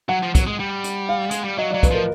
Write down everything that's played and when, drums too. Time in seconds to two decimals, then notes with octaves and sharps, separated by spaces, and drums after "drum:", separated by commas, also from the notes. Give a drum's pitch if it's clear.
0.09 F#3 F#5
0.22 F3
0.35 F#3, drum: kick, hi-hat
0.47 G#3
0.60 G3
0.84 drum: hi-hat
1.09 F5
1.31 G#3, drum: hi-hat
1.44 G3
1.58 F#3 D#5
1.71 F#3 D5
1.83 B4, drum: kick, hi-hat
1.91 F3 A#4